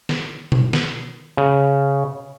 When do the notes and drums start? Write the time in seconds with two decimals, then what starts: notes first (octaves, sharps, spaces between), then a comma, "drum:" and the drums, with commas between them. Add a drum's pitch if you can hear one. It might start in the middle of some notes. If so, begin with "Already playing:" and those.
0.09 drum: snare
0.52 drum: tom B2
0.73 drum: snare
1.37 C#3